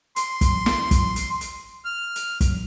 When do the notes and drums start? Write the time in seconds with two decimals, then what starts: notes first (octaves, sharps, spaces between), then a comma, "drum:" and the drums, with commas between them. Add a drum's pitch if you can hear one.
0.16 C6, drum: hi-hat
0.41 drum: kick, hi-hat
0.66 drum: snare
0.91 drum: kick, hi-hat
1.16 drum: hi-hat
1.41 drum: hi-hat
1.85 F6
2.16 drum: hi-hat
2.41 drum: kick, hi-hat